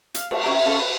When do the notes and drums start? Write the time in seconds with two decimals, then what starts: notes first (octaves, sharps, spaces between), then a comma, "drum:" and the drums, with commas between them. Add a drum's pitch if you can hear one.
0.14 F5, drum: hi-hat
0.31 A3, drum: cymbal
0.43 C#4 E4 G4 A#4
0.65 C#4 F4 A4
0.78 B4